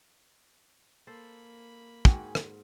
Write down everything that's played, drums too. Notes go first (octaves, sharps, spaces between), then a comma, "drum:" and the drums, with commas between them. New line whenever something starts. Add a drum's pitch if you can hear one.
A#3 A4 C5 B5
G#2 F#4 G5 G#5, drum: kick
drum: rim click